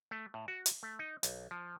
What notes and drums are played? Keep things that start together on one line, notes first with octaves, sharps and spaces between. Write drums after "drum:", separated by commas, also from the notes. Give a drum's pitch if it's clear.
A3
A2
F#4
drum: hi-hat
A3
D#4
B1, drum: hi-hat
F3